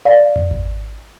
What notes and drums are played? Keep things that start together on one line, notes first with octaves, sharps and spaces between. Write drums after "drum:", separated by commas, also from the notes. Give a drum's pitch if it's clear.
D5 F5
drum: tom F2
drum: kick G#1